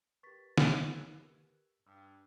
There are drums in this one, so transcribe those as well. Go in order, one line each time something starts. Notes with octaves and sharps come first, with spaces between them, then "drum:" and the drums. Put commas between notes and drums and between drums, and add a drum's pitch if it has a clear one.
G4 A#4 B4 C#6 A6 B6
drum: snare
E6 F#6 G#6
G2 E6